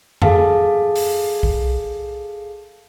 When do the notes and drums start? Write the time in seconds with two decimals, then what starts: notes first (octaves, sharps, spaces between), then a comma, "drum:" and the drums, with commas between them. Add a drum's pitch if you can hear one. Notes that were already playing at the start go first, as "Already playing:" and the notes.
0.22 G#4 A4 F5 A5, drum: tom F2
0.95 drum: open hi-hat
1.43 drum: kick B1